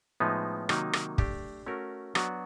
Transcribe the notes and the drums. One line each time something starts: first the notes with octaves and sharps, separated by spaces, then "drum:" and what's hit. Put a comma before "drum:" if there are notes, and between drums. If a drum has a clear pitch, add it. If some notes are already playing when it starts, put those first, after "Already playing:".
A2 F3 G#3 B3 D#4
C3 D#3 F#3 A#3 D#4, drum: rim click
drum: rim click
A3 D4 G4, drum: kick
A3 C#4 F#4 A#4
F#3 B3 D4 F#4, drum: rim click